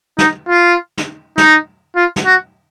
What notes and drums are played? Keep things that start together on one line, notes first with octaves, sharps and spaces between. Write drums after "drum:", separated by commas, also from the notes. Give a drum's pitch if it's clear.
D#4, drum: snare
F4
drum: snare
D#4, drum: snare
F4
drum: snare
F#4